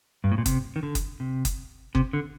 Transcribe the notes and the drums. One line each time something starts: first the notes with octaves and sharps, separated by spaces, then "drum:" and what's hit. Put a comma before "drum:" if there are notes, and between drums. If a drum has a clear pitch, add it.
G2
A2
A#2
C3, drum: kick F#1, hi-hat
D#3
D3
drum: kick F#1, hi-hat
C3
drum: kick F#1, hi-hat
C3, drum: kick F#1
D3